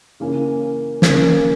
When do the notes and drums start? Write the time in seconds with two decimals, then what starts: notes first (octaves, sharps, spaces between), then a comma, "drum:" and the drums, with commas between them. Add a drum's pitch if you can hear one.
0.20 C#3 E3 A#3 C#4
1.02 C#3 E3 A#3 C#4, drum: snare